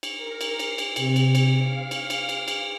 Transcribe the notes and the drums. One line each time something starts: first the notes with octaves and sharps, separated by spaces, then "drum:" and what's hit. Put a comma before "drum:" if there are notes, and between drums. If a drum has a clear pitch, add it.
drum: cymbal
A#4
drum: cymbal
C7, drum: cymbal
drum: cymbal
C3, drum: cymbal
drum: cymbal
drum: cymbal
F5
drum: cymbal
drum: cymbal
drum: cymbal
drum: cymbal